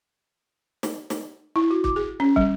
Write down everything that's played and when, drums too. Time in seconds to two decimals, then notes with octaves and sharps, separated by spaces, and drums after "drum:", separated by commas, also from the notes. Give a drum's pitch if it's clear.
0.83 drum: snare
1.10 drum: snare
1.56 E4
1.70 F#4
1.84 D6, drum: kick
1.96 G#4
2.20 C#4
2.36 G3, drum: kick